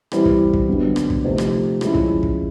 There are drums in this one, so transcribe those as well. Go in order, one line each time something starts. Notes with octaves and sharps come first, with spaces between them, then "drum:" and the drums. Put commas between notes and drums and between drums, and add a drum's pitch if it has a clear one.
E3 G3 C4 E4, drum: rim click
drum: kick
drum: kick
D3 F#3 B3
drum: rim click
drum: kick
C3 F3 A3 C4 D#4
drum: rim click
F3 G#3 C#4 E4, drum: rim click
drum: kick
drum: kick